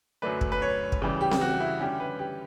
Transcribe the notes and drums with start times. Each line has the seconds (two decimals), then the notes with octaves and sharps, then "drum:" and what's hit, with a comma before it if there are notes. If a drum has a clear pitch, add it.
0.22 F#2 D3 F#3 A3 D4 B4
0.41 drum: kick
0.52 B4
0.62 C#5
0.92 drum: kick
1.02 C#3 E3 G3
1.21 G4
1.31 drum: snare C4
1.41 F#4
1.60 E4
1.80 D3 G3 C#4 G4
2.00 B4
2.19 G4